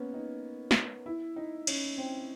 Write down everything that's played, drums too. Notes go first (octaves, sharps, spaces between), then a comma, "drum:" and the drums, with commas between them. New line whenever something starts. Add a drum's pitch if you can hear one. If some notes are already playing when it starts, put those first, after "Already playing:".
Already playing: A#3 B3 C#4
D#4
drum: snare
E4
D#4
C#4, drum: cymbal
C4